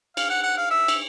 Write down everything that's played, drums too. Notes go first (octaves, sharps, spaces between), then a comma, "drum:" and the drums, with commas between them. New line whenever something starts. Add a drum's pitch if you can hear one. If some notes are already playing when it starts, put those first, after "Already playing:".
F5, drum: cymbal
F#5
F#5
F5
E5
drum: cymbal